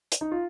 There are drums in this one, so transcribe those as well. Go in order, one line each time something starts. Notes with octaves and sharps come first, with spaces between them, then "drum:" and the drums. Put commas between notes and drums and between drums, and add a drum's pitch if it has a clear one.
drum: hi-hat
D#4
F4